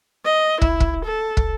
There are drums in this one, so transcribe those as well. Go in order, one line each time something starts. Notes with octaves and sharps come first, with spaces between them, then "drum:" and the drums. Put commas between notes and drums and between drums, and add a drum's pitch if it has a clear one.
D#5
E4, drum: kick
drum: kick
A4
drum: kick